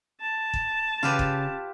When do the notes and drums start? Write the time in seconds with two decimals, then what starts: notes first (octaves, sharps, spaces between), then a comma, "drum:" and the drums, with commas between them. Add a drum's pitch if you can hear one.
0.21 A5
0.54 drum: kick
1.03 C#3 C#4 F4 G4 B4
1.19 drum: kick